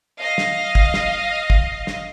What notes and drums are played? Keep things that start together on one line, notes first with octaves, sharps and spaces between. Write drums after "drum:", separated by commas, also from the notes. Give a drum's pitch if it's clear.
D#5 F5
drum: snare
drum: kick
drum: snare
drum: kick
drum: snare